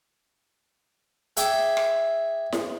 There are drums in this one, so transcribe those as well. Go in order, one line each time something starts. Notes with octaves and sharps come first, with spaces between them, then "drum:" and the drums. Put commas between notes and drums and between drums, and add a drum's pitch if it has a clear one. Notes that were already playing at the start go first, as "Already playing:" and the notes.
G#4 E5 G5 D6, drum: hi-hat
drum: rim click
drum: snare E4